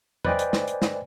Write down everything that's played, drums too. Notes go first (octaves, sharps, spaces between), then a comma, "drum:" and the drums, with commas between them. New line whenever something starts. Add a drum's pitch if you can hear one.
B4 C5 D5 D#5 G5 G#5, drum: tom
drum: hi-hat
drum: snare
drum: hi-hat
drum: snare